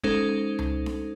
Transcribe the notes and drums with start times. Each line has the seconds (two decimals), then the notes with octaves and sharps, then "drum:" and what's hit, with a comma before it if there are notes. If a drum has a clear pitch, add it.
0.03 G#3 C#4 D#4 A4 C5, drum: kick
0.59 drum: tom C#2
0.86 drum: snare D4